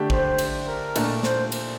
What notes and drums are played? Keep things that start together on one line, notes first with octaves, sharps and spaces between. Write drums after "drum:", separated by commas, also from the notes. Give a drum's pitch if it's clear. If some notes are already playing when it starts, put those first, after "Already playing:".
Already playing: D3 A3 D4 G4
C5, drum: kick
drum: cymbal
A#4
A#2 A3 D4, drum: cymbal
C5, drum: snare
drum: cymbal